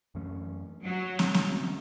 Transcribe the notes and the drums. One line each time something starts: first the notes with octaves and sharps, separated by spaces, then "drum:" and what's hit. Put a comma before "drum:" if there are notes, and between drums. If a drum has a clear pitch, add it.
F#2 E3 A3 C#4
F#3
drum: snare
drum: snare
D3 A3 C#4